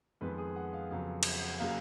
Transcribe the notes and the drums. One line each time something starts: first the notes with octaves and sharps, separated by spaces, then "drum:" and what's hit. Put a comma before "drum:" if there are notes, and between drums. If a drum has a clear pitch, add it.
F2 D#3 G#3 B3 B4
G#4
F#5
F5
F2 C#3 F#3 B3 F5
drum: cymbal
C#3 F#3 A#3 F5